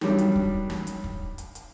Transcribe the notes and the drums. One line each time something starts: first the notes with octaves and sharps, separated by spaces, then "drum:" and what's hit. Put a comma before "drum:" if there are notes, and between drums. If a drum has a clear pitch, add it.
D#3 F#3 G3 D4, drum: snare
drum: hi-hat
drum: kick
drum: snare
drum: hi-hat
drum: kick
drum: hi-hat
drum: hi-hat